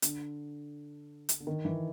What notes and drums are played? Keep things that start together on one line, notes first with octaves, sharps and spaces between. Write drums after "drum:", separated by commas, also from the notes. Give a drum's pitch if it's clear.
D3, drum: hi-hat
drum: hi-hat
D3
D#3
E3